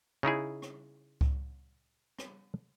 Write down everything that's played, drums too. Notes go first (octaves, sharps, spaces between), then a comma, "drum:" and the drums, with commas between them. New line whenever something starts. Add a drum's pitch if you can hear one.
C#3 D#4 E4 G#4
drum: rim click
drum: kick C#2
drum: rim click